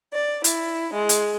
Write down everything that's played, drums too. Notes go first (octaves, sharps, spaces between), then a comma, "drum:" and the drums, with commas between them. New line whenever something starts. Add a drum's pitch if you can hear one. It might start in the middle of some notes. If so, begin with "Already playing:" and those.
D5
E4, drum: hi-hat
G#3
drum: hi-hat